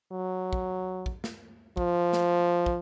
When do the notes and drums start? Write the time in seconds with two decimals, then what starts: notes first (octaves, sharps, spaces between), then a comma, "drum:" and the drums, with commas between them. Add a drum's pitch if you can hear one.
0.12 F#3
0.53 drum: kick
1.06 drum: kick
1.24 drum: snare
1.77 F3, drum: kick
2.13 drum: snare
2.66 drum: kick